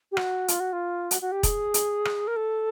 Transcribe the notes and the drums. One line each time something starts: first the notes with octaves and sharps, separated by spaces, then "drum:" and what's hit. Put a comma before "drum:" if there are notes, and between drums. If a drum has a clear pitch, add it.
G4
F#4, drum: rim click
F4, drum: hi-hat
F#4
F4
F#4, drum: hi-hat
F#4
G4
G#4, drum: kick E1, hi-hat
drum: hi-hat
drum: rim click
A#4
A4